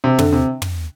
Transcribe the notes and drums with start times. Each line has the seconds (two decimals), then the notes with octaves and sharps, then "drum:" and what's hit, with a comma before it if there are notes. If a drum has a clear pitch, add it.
0.04 C3
0.19 D3, drum: tom
0.32 C3
0.62 drum: tom